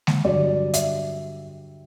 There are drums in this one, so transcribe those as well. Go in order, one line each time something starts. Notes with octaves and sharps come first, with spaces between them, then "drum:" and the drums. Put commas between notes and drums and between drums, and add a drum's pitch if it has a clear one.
drum: snare G#3
G2 D3 F#3 D5
E5, drum: hi-hat